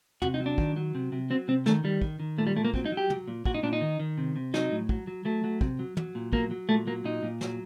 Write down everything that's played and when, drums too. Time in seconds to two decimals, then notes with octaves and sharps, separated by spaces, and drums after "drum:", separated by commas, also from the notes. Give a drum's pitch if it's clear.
0.22 C3 F#4, drum: tom
0.34 D#4
0.40 F#3
0.46 D4
0.58 D#3, drum: kick
0.76 F#3
0.95 C3
1.12 C3
1.30 F#3 C4
1.48 C3 C4
1.66 D#3 A3, drum: snare
1.84 D#3 G3
2.02 D#3, drum: kick
2.20 D#3
2.38 A#2 A3
2.47 G3
2.56 A#2 A3
2.65 A#3
2.74 F#3 C4, drum: kick
2.86 D#4
2.92 F#3
2.97 G4
3.10 F#3, drum: tom
3.28 A#2
3.45 A#2 F#4, drum: kick
3.54 D#4
3.63 A#2 D4
3.73 D#4
3.81 D#3
3.99 D#3
4.18 C3
4.36 C3
4.54 F#3 D#4, drum: snare
4.71 A2
4.89 F#3, drum: kick
5.07 F#3
5.25 F#3 A3
5.44 F#3
5.61 C3, drum: kick
5.79 F#3
5.97 F#3, drum: tom
6.15 A#2
6.33 F#3 A#3, drum: kick
6.51 F#3
6.69 A#2 A3
6.87 F#3 A#3
7.04 A#2 D#4
7.23 A#2
7.41 F#3, drum: snare